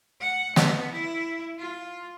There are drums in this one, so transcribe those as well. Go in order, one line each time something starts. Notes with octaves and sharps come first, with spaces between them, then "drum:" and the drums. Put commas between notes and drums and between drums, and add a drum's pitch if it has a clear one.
F#5
B3, drum: snare
E4
F4